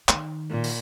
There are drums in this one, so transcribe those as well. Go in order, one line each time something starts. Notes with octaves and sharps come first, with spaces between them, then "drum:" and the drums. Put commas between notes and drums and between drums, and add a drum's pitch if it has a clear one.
D#3, drum: clap
A#2
drum: open hi-hat